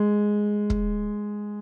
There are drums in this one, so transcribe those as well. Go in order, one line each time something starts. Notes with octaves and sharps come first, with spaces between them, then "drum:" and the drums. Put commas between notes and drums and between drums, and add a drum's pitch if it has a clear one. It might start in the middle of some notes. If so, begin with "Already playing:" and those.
Already playing: G#3
drum: kick